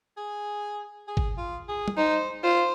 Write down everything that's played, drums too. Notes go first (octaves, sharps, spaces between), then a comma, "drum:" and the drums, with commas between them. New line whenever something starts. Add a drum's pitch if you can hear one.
G#4
G#4
drum: kick G#1
F4
G#4
drum: tom G3
D#4 C5
F4 C5